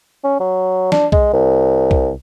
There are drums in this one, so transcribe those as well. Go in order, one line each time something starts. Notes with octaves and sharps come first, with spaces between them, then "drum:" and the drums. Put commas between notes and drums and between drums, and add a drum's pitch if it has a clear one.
C#4
F#3
D4, drum: snare
G#3, drum: kick B1
C2
drum: kick B1